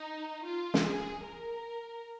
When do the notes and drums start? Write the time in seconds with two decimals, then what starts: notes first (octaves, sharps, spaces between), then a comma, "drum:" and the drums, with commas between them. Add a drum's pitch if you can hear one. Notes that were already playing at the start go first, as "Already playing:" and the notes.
Already playing: D#4
0.45 F4
0.74 drum: snare
0.84 G#4
1.23 A#4